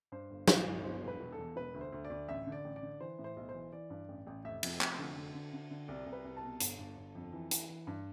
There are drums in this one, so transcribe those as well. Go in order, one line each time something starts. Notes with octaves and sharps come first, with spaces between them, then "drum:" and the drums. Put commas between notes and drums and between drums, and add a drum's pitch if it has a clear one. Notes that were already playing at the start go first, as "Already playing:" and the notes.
G2 C5
G1
G1, drum: snare
G1
B2 C5
E1
B4
E1
A4
E2
E1 B4
D2
C5
D2
D5
D2
A1 E5
D3
D5
A1
D5
D3
E3 C5
A2
C5
B1
C5
E3
E3 D5
G2
A1
A1
F1 E5
F2, drum: cymbal
F1, drum: clap
D3
D3
D3
D3
D3
C2 D5
C2
B4
C2
A5
B2
G1, drum: hi-hat
G1
G1
F2
E3
E3, drum: hi-hat
E3
G2